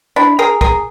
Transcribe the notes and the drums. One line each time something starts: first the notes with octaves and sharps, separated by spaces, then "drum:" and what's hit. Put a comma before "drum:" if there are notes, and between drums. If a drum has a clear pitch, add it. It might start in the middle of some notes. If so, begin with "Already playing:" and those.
D4 E4
G#4 A#4
G#4 A#4, drum: kick